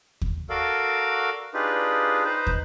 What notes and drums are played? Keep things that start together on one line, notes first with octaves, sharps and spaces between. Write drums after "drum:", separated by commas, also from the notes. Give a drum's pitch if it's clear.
drum: kick
F#4 A4 A#4 D5 F5
D4 D#4 F4 G4 G#4 B4
D#4 B4 C5
drum: kick